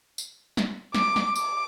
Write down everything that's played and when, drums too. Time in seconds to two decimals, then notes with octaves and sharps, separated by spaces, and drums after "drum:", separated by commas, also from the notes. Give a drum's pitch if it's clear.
0.18 drum: tambourine
0.57 drum: snare
0.94 D6, drum: snare
1.16 drum: snare
1.36 D6, drum: tambourine